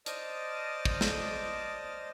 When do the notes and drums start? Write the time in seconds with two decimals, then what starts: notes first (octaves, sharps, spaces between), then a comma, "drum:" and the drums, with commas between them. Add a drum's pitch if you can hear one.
0.06 C5 D5 D#5 A5 D#6 F6, drum: hi-hat
0.85 drum: kick
1.01 drum: snare